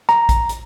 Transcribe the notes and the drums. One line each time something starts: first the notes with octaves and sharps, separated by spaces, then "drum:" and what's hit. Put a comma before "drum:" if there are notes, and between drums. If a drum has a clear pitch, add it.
A#5, drum: rim click
drum: kick, hi-hat
drum: hi-hat